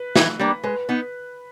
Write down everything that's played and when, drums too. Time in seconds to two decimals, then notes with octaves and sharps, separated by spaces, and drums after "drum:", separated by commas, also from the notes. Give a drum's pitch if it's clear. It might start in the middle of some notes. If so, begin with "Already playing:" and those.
Already playing: B4
0.16 E3, drum: snare
0.39 G3 A#3 D4
0.64 G#3 B4
0.89 B3 D#4